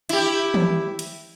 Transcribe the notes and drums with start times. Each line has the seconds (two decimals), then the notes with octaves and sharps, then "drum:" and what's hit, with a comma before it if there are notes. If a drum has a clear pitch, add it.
0.09 E4 G4, drum: hi-hat
0.54 drum: tom
0.99 drum: hi-hat